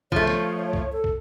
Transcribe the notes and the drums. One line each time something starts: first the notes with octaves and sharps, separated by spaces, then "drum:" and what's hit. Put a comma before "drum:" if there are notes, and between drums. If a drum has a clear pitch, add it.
F3 A3 C#5, drum: kick
drum: snare
drum: kick
A4
drum: kick